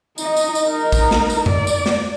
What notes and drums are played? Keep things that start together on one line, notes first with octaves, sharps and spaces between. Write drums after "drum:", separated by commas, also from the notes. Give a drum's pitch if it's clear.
D#4 D#5, drum: tambourine
drum: tambourine
drum: tambourine
D#4 A#4
drum: kick, tambourine
drum: snare
drum: tambourine
D5, drum: tom F2
drum: tambourine
drum: snare